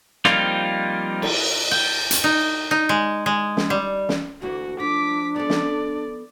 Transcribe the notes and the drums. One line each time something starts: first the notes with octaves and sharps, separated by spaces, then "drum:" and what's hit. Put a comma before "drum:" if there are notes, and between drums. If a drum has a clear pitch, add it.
F3 G3 A#3 C4 D#4 F4, drum: rim click
drum: cymbal
G5
drum: hi-hat
D#4
D#4
G#3
G#3
drum: snare
G3
drum: snare
D2 E3 A#3 F#4
F3 D4 D6 B6
B3 A4 D5
drum: snare